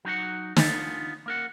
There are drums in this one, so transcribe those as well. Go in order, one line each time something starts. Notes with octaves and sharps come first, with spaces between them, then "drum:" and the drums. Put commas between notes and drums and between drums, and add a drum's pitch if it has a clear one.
F#3 D#4 F#4 F#5
B3 D4 D#4 F4, drum: snare
A#3 A#4 F#5